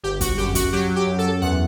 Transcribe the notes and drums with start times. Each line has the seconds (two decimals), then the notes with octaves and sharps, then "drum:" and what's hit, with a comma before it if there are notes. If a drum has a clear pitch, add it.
0.03 G1 G4
0.21 F#4, drum: kick, hi-hat
0.38 F#2 G4
0.55 F#4, drum: kick, hi-hat
0.72 F#3 G4
0.96 G4
1.07 F#2
1.18 A4
1.42 E2 F#5